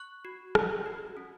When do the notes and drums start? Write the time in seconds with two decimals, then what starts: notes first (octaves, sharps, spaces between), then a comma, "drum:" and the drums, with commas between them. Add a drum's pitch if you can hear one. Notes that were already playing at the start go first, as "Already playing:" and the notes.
Already playing: C#6 F#6
0.25 F#4
0.55 C#4, drum: rim click
0.86 F#4
1.17 C#4